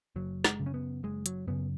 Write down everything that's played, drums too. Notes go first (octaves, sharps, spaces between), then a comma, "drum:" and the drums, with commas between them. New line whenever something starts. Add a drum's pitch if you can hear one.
F#1 F#3
G#3, drum: snare
F#2 C#3
C#4
B3
F#1 G#3
F#3, drum: hi-hat
F#2 C#3 B3